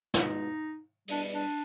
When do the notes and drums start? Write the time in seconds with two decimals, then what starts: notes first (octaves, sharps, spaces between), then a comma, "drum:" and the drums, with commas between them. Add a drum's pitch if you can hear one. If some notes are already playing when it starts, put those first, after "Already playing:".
0.14 E2 B2 G#3 D#4, drum: snare
1.08 E2 B2 G3 D4, drum: open hi-hat
1.33 D4